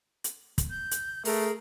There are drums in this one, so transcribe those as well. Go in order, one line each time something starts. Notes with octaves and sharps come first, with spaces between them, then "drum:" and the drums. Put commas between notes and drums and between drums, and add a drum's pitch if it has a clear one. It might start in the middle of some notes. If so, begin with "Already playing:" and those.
drum: hi-hat
drum: kick, hi-hat
G6
drum: hi-hat
A3 G#4 A#4, drum: open hi-hat